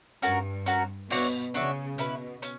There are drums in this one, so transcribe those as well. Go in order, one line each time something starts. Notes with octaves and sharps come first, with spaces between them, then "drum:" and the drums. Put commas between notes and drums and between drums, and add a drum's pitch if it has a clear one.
G2 C#4 F#4 A#4, drum: hi-hat
C#4 F#4 A#4, drum: hi-hat
B2 D4 F#4 C#5 E5, drum: open hi-hat
C#3 D4 F#4 C#5 E5, drum: hi-hat
B2 C#4 E4 B4, drum: hi-hat
C#4, drum: hi-hat